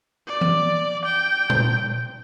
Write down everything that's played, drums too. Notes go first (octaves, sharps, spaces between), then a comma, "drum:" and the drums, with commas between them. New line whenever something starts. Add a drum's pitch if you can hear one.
D5
drum: tom E3
G5
drum: tom A#2